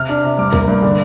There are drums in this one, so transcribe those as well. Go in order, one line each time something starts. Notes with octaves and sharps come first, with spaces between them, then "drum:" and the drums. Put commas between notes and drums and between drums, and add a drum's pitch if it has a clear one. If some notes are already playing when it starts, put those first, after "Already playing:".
Already playing: C3 F6
D4
C3
G2 D6
A#3, drum: kick
G2
D3, drum: tom